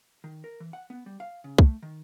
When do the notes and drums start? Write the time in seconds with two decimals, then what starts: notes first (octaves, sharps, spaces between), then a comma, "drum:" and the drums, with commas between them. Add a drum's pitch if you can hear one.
0.24 D#3
0.44 A#4
0.60 E3
0.73 F#5
0.90 B3
1.06 G3
1.20 F5
1.44 C#3
1.58 A3, drum: kick
1.83 D#3